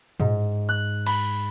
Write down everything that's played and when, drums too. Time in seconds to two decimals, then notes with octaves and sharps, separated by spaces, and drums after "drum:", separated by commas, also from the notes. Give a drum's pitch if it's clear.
0.20 G#2, drum: tom
0.69 F#6
1.06 B5, drum: cymbal